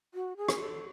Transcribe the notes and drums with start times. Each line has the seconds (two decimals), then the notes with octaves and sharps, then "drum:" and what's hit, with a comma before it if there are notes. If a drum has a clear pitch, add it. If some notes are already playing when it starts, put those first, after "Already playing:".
0.14 F#4
0.37 G#4
0.48 drum: rim click
0.59 A4